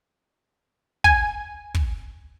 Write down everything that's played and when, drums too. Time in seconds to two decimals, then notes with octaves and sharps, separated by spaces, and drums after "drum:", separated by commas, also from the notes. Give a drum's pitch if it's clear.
1.04 G#5, drum: kick
1.74 drum: kick